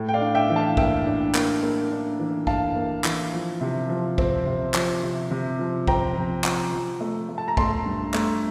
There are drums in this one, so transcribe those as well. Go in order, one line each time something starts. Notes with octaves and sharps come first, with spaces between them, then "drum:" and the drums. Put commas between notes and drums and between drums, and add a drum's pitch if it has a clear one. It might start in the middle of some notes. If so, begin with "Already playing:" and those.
Already playing: A2
G5
D5 F5
D4
E5 G5
E3
F5 A5
A#3 E5 G5, drum: kick
D4
A#3, drum: clap
A#3
D4
E3
E3 F5 A5, drum: kick
A#3
E3, drum: clap
F3
C3
F3
C4, drum: kick
C3
F3, drum: clap
C3
C3
F3
C4 G5 A#5, drum: kick
F3
F3, drum: clap
F3
A3
A3
A5
A#5
A3 A5 C6, drum: kick
G2
A3, drum: clap